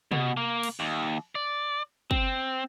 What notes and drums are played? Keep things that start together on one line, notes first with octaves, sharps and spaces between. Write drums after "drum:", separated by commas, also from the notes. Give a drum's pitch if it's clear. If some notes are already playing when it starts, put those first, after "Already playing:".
B2, drum: tom C3
A#3
drum: cymbal
D#2
D5
C4, drum: kick